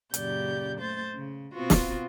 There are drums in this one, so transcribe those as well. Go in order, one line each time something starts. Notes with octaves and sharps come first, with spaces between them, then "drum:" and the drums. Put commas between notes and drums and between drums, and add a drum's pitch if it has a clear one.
F#2 A#2 C#3 G4 D5 G6, drum: hi-hat
A3 C5 G6 A6
C#3
B2 B3 C4 F4 F#4
drum: snare